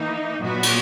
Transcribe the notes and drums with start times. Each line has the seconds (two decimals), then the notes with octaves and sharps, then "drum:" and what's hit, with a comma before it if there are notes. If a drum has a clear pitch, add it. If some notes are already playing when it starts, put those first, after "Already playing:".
Already playing: E3 A#3 D#4
0.40 A#2 F#3 B3 F#4
0.63 drum: cymbal